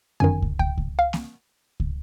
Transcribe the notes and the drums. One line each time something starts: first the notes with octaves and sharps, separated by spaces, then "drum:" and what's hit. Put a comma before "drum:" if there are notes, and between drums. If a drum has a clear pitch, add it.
G1 F#2 D#3 G#5
drum: kick
G5, drum: kick
drum: kick
F5
drum: snare A#3
drum: kick